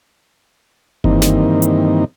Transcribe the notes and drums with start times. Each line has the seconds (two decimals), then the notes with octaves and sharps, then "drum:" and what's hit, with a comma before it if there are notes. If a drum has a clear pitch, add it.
1.04 G2 D#3 E3 A#3 C4 D#4, drum: kick F#1
1.22 drum: snare
1.62 drum: hi-hat